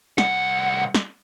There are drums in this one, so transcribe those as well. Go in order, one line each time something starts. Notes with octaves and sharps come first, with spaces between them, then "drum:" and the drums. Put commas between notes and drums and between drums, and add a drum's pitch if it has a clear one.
C2 F#5, drum: snare
drum: snare